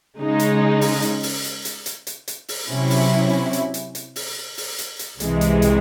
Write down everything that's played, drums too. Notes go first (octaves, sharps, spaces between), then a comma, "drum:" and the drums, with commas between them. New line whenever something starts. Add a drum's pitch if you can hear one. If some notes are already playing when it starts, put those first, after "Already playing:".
C#3 G#3 D#4
drum: hi-hat
drum: open hi-hat
drum: hi-hat
drum: open hi-hat
drum: hi-hat
drum: hi-hat
drum: hi-hat
drum: hi-hat
drum: hi-hat
drum: open hi-hat
C3 F#3 C#4 E4
drum: open hi-hat
drum: hi-hat
drum: hi-hat
drum: hi-hat
drum: open hi-hat
drum: open hi-hat
drum: hi-hat
drum: hi-hat
C2 C3 E3 G#3, drum: hi-hat
drum: hi-hat
drum: hi-hat